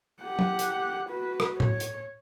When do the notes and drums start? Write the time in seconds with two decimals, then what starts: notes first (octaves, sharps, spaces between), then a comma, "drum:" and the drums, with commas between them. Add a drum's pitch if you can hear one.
0.23 G4 F#5
0.39 drum: tom
0.59 drum: hi-hat
1.09 F#4 B4
1.40 drum: rim click
1.60 C#5, drum: tom A2
1.80 drum: hi-hat